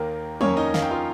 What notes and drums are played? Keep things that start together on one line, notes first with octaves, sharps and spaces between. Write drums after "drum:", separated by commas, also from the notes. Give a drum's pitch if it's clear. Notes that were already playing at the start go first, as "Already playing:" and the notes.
Already playing: D#2 D#3 A#3
F2 D#3 A#3 C#4 C#5, drum: tom
D#4 D#5
F5, drum: snare
G5
F4 F5